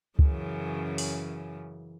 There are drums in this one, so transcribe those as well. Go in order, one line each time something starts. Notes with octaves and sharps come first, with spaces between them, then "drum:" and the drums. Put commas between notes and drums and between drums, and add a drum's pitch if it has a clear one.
F#2 C#3 E3, drum: kick
drum: open hi-hat